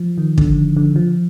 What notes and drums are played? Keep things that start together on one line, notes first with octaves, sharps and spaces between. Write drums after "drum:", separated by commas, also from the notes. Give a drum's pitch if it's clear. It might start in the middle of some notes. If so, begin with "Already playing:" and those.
Already playing: F3
D#3
D3, drum: kick
D3
F3